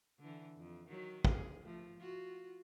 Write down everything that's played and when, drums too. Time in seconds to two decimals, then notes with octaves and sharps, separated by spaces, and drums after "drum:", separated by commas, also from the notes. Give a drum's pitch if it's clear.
0.20 D3 E3
0.57 F2
0.88 D#3 F#3
1.25 G#4, drum: kick
1.65 F3 A3
1.98 F4 F#4